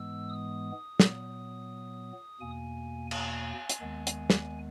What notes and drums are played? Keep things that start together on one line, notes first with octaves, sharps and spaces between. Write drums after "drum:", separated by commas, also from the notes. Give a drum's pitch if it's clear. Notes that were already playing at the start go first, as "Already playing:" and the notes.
Already playing: G#2 E3 G#3 B3 E6
D#6
A#2 F#3 B3, drum: snare
E2 B2 A#3 G#5
G#5, drum: cymbal
drum: hi-hat
D#2 D#3 G#3 B3
drum: hi-hat
drum: snare